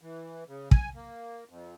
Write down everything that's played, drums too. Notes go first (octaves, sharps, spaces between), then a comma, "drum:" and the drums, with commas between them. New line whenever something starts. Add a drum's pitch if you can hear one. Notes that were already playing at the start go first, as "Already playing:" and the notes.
E3
C#3
G#5, drum: kick
A#3
F2